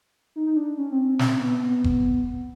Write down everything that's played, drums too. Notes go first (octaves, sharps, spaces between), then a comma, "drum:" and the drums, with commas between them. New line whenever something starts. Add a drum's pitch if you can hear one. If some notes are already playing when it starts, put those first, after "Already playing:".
D#4
D#4
D4
C#4
C4
C4
C4, drum: snare
B3
B3
drum: kick F#1